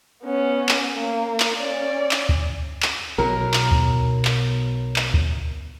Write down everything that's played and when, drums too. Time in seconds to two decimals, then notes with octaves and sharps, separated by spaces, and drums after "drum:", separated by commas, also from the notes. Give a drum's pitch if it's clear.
0.23 B3 C#4
0.69 drum: clap
0.94 A#3
1.40 drum: clap
1.58 C#4 D5
2.11 drum: clap
2.29 drum: kick
2.82 drum: clap
3.18 B1 B2 F#3 A#4
3.54 drum: clap
3.71 drum: kick
4.25 drum: clap
4.96 drum: clap
5.14 drum: kick